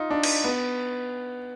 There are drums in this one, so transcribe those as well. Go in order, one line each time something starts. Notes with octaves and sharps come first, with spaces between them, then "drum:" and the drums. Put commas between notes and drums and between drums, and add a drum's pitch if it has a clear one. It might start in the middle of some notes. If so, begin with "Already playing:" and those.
Already playing: D#4 F4
D4
drum: cymbal
B3